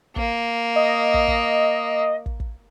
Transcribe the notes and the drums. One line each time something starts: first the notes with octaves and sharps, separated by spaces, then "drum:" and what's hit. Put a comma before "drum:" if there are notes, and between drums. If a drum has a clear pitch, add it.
A#3, drum: kick
D#5
drum: kick
drum: kick
drum: kick
drum: kick